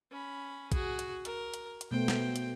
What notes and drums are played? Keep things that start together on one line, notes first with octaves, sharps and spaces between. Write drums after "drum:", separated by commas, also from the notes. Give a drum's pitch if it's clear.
C#4 B5
F#4 G#4, drum: kick, hi-hat
drum: hi-hat
A#4, drum: hi-hat
drum: hi-hat
drum: hi-hat
B2 A3 B3 C5 G5
drum: snare
drum: hi-hat